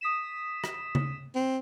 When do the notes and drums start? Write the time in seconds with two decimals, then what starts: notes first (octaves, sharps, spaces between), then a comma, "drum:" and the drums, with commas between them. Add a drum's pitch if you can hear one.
0.01 D#6 B6 E7
0.64 drum: rim click
0.95 drum: tom C#3
1.35 C4